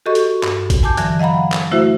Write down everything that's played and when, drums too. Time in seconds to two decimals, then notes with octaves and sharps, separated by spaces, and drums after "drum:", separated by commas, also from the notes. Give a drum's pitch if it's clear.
0.06 F#4 G4 A4 D#5 C#6
0.15 drum: hi-hat
0.43 G2, drum: clap
0.70 drum: kick A1, hi-hat
0.83 G#5 A5 D6 G6
0.97 D3 E3 F#3, drum: hi-hat
1.19 D#5 F5 F#5 A#5 B5
1.52 drum: clap
1.71 A3 E4 F#4 C5 E5